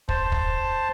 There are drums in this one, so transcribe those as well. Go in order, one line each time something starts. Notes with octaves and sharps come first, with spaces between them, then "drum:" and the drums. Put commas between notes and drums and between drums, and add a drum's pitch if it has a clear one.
C5 A5, drum: kick
drum: kick